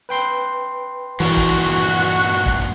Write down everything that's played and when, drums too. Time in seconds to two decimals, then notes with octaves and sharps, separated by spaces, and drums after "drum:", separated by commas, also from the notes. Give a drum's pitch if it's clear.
0.09 B4 G5 C6
1.20 G2 A#2 E3 F#4, drum: open hi-hat
1.37 drum: kick G#1
1.67 drum: snare
2.46 drum: kick G#1